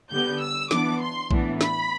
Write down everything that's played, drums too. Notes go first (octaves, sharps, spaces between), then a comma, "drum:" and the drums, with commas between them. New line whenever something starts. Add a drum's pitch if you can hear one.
D3 G3 B3 G6
E6
E3 B3 D4 D6, drum: snare
C6
A2 E3 B3 D4, drum: kick A#1
B5, drum: snare